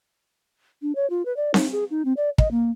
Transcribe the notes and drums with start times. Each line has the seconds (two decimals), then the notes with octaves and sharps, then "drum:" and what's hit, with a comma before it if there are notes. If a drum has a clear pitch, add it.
0.82 D4
0.96 C#5
1.10 F4
1.26 B4
1.37 D5
1.54 D#4, drum: snare C4
1.72 G#4
1.91 D#4
2.05 C4
2.17 D5
2.38 D#5, drum: kick
2.51 A#3